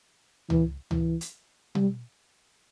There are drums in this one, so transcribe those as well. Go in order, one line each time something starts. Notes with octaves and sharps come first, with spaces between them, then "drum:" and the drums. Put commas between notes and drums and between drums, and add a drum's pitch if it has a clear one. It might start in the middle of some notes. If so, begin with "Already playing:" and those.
E3, drum: tom C#2
E3, drum: tom C#2
drum: hi-hat
G3, drum: tom B2